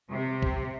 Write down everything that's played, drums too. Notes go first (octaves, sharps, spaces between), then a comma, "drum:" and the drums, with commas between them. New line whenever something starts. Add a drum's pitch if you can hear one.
C3
drum: kick